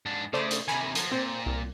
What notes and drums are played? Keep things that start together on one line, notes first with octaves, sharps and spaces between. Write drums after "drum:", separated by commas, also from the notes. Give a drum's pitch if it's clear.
G#2 D4
C#3 A3 C5 D5
drum: hi-hat
C3 D#3 G#5 A#5 B5
F3 F#3, drum: hi-hat
A#2 C4 C5
C2